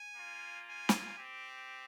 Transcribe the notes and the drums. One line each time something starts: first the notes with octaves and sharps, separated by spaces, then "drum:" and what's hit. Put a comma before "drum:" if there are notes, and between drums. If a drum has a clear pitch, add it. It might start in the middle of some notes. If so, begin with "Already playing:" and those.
Already playing: G#5
A#3 F4
G#5
drum: snare
C4 G4